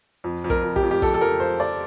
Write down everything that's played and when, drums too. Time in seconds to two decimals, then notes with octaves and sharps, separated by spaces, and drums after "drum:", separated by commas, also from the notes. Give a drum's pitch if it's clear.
0.24 F2
0.44 F2
0.50 A#4, drum: kick, hi-hat
0.63 F2
0.76 G4, drum: kick
0.83 F2
0.91 G4
1.02 F2 A4, drum: kick, open hi-hat
1.14 A4
1.21 F2 A#4
1.40 F3 C5
1.60 F3 D5